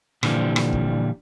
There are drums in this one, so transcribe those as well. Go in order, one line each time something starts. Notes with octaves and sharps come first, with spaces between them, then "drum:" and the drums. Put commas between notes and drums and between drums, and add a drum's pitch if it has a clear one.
A#2 D3 E3 F3 G3, drum: rim click
drum: rim click
drum: kick